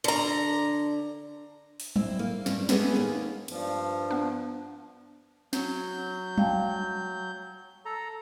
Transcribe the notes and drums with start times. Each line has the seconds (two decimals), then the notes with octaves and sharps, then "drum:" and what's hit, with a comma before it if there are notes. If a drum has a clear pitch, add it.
0.04 D3 A#5
1.80 drum: open hi-hat
1.96 C4 E4, drum: tom F#3
2.19 A#3
2.46 G2 G3, drum: snare
2.69 G#3 A3 B3 C#4 G4 G#4, drum: snare
2.96 D#2 A#3
3.48 G2 F3, drum: cymbal
4.11 B3 D4
5.53 F#3 G6, drum: snare
6.38 F5 G5 A5, drum: tom F#3
7.85 A4 A#5